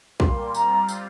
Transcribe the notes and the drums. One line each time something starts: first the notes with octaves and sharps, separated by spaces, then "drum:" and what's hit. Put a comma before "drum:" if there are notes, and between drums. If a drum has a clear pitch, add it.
A#2 G3 A#3 C6, drum: kick B1
G3 C4 F4 A#5, drum: tambourine
drum: tambourine